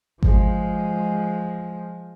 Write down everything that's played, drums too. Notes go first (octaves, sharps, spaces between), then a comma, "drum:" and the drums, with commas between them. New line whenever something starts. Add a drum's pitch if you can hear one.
F3 G#3, drum: kick G#1